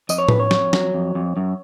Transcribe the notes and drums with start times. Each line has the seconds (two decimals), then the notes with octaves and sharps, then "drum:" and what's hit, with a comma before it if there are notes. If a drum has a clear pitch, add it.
0.09 F2 D#5, drum: tambourine
0.18 C#5
0.29 F2 B4, drum: tom A2
0.40 C#5
0.51 F2, drum: snare
0.73 F#3, drum: snare
0.94 F2
1.15 F2
1.37 F#2